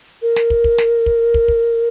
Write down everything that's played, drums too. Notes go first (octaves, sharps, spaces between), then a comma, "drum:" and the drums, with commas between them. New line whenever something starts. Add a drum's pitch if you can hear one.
A#4
drum: snare
drum: kick
drum: kick
drum: snare
drum: kick
drum: kick
drum: kick